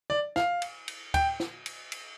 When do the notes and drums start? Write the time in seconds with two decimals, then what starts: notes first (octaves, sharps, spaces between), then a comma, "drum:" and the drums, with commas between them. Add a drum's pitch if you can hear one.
0.10 D5
0.36 F5, drum: snare
0.62 drum: cymbal
0.88 drum: cymbal
1.14 G5, drum: kick D2, cymbal
1.40 drum: snare
1.66 drum: cymbal
1.92 drum: cymbal